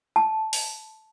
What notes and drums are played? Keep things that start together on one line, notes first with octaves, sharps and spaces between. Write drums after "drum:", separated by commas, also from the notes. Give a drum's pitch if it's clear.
A5
drum: open hi-hat